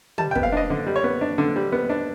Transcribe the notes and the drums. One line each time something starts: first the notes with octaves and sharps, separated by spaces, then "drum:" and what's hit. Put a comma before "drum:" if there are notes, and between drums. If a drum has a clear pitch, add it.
G3 A5, drum: tom
G5
B3, drum: kick
F5
D4 D#5
D3
G3
C#5
B3
D4
D3
G3
B3
D4